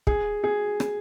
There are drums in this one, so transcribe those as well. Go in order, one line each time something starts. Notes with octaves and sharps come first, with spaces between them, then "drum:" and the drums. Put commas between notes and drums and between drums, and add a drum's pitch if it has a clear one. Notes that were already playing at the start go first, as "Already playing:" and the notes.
G#4, drum: kick
G#4
drum: rim click